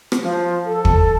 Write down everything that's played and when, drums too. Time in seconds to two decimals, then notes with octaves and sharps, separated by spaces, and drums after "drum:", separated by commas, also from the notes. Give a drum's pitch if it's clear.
0.12 drum: rim click
0.23 F3
0.67 A4
0.85 drum: kick